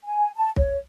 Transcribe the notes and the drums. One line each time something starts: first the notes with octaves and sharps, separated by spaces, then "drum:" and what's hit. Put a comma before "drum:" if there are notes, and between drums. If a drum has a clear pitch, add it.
G#5
A5
C#5, drum: kick